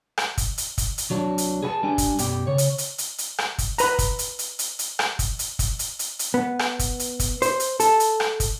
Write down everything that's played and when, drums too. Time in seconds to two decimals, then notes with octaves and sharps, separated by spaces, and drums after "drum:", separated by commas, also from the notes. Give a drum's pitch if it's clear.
0.18 drum: rim click
0.38 drum: kick, hi-hat
0.58 drum: hi-hat
0.78 drum: kick, hi-hat
0.98 drum: hi-hat
1.10 C2 F#3 D4
1.38 drum: hi-hat
1.63 G#4 B4 G#5 A5
1.83 G3 D4 G#5
1.98 drum: kick, hi-hat
2.19 B1 F#2 B3 G4 D5 G5, drum: hi-hat
2.47 C#3 C#5
2.58 drum: hi-hat
2.78 drum: hi-hat
2.98 drum: hi-hat
3.18 drum: hi-hat
3.38 drum: rim click
3.58 drum: kick, hi-hat
3.78 B4 A#5, drum: hi-hat
3.99 drum: kick, hi-hat
4.19 drum: hi-hat
4.39 drum: hi-hat
4.59 drum: hi-hat
4.79 drum: hi-hat
4.99 drum: rim click
5.19 drum: kick, hi-hat
5.39 drum: hi-hat
5.59 drum: kick, hi-hat
5.79 drum: hi-hat
5.99 drum: hi-hat
6.19 drum: hi-hat
6.34 B3
6.59 drum: rim click
6.79 drum: kick, hi-hat
6.99 drum: hi-hat
7.20 drum: kick, hi-hat
7.42 C5, drum: hi-hat
7.60 drum: hi-hat
7.80 A4, drum: hi-hat
8.00 drum: hi-hat
8.20 drum: rim click
8.40 drum: kick, hi-hat